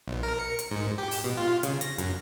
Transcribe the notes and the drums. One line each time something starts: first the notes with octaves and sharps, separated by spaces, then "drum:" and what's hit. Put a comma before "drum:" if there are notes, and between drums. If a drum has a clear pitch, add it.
B1
A#4
C#7
drum: hi-hat
G#2
G4
drum: open hi-hat
B2
F4
C#3, drum: hi-hat
A#6, drum: hi-hat
F#2, drum: hi-hat